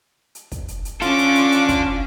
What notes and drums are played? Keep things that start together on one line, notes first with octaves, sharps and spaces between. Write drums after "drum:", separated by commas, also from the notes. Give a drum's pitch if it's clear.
drum: hi-hat
drum: kick, hi-hat
drum: hi-hat
drum: hi-hat
C#4 D4 F4 A4 D6, drum: hi-hat
drum: hi-hat
drum: hi-hat
drum: hi-hat
drum: kick, hi-hat